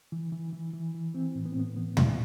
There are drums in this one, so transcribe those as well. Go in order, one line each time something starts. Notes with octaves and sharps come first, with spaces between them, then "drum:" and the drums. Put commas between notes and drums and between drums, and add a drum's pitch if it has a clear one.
E3
E3
E3
E3
E3
E3 C4
A2
B3
C4
A2 B3
E3 B3
E3, drum: tom